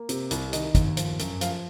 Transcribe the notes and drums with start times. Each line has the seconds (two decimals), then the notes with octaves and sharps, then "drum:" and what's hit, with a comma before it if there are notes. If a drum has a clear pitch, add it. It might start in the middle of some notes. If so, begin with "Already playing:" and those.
Already playing: A#3
0.09 C3, drum: hi-hat
0.31 C2, drum: hi-hat
0.53 D#3 D#5, drum: hi-hat
0.75 D#2, drum: kick, hi-hat
0.97 F3, drum: hi-hat
1.19 F#2, drum: hi-hat
1.41 F3 F5, drum: hi-hat